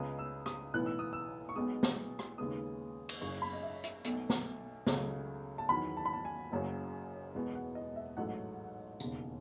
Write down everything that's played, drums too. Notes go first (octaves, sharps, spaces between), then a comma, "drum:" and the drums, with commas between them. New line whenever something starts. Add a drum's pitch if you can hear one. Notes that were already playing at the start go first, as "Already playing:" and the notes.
Already playing: C#2 C#3 G#3 B3 D#6
E6
D#6, drum: rim click
B1 A2 E3 B3 F#6
E6
D#6
E6
C#6
B1 B2 G#3 B3 D#6
drum: snare B3
drum: rim click
D#2 C#3 G#3 B3 D#6
drum: cymbal
F#1 F#2 C#3 C#6
B5
D#5
E5
E5, drum: hi-hat
B1 B2 A3, drum: hi-hat
drum: snare B3
C#2 C#3 F#3 A3, drum: snare B3
A5
E2 D#3 F#3 B5
A5
B5
A5
G#5
F#1 F#2 C#3 F#3
E1 E2 B2 G#3 B3
F#5
D#5
E5
A1 G#2 F#3 A3 F#5
E1 D#2 C#3, drum: tambourine